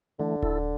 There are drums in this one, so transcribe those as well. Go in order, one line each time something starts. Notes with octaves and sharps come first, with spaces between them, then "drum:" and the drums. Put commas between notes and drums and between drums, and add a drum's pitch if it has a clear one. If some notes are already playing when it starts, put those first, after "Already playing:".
D3 E3 A3
E4 A4, drum: kick D#1